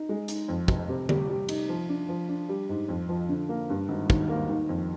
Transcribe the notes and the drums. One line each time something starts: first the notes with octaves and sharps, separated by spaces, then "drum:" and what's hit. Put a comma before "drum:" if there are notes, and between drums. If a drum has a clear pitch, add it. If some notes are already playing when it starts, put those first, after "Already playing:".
Already playing: D#4
G#3
D#4, drum: hi-hat
F2
F1, drum: kick
C3
G3, drum: tom D3
G3
D#4, drum: cymbal
F3
D4
F3
D4
G3
G#2
F2
F3
D3
A#3
G2
G#1
D#2, drum: kick
A#3
D#3
F2